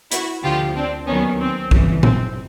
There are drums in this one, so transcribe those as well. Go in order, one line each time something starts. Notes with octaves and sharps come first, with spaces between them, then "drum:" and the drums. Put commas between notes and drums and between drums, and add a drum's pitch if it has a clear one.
E4 F#4, drum: hi-hat
D2 D3 F3 F4 G4
C4 D4
D#2 D#3 F#3 B3 C#4
C4
G1 F2 C#3 E3, drum: kick B1
C4, drum: tom A#2